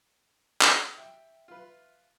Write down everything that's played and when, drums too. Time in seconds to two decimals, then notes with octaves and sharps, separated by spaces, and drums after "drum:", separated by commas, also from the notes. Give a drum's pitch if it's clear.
0.61 drum: clap
0.98 E5 G5
1.48 F4 B4